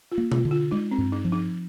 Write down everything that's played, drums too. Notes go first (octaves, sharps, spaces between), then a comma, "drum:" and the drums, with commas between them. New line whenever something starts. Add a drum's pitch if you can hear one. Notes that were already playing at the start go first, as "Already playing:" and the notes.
F4
A#3
F4, drum: tom B2
D3
F4
G#3 D#4
C4
G2
D#4
F3
D#4